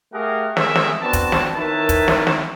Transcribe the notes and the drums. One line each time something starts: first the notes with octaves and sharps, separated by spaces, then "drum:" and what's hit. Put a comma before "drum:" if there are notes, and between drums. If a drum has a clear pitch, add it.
A3 G4 G#4 A#4 F5 F#5
G#3 A3 G#4 A#4 E5, drum: snare
drum: snare
B3 C4 D4 F#4 A5
drum: kick, hi-hat
drum: snare
D#3 E4 A#4 B4 C#5 A5
drum: kick, hi-hat
drum: snare
drum: snare